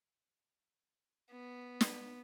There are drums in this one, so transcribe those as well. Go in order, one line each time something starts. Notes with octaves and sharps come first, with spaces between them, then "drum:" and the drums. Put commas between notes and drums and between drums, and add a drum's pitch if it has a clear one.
B3
drum: snare